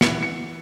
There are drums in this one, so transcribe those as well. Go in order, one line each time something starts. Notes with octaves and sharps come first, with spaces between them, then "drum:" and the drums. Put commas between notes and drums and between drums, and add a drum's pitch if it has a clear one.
E3 B3 E4 C#7, drum: snare
C#7